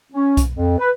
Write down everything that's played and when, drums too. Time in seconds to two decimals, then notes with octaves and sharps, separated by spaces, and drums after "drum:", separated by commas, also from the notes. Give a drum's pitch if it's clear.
0.13 C#4
0.37 drum: kick B1, hi-hat
0.54 F2
0.79 B4